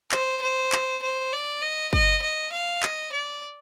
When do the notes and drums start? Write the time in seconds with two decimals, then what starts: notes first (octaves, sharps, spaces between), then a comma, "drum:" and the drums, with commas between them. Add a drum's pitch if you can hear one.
0.12 C5, drum: clap
0.42 C5
0.72 drum: clap
1.03 C5
1.33 D5
1.62 D#5
1.93 D#5, drum: kick
2.23 D#5
2.53 F5
2.83 D#5, drum: clap
3.13 D5